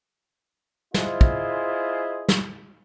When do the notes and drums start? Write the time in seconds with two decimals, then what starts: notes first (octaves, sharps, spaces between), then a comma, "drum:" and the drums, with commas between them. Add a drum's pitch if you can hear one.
0.94 E4 F4 G#4 C5 D#5, drum: snare
1.21 drum: kick
2.29 drum: snare